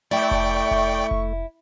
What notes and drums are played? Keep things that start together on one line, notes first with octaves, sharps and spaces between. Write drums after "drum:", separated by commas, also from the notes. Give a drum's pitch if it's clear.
A3 E4 D5 G5 C#6
drum: kick F1
drum: kick F1
drum: kick F1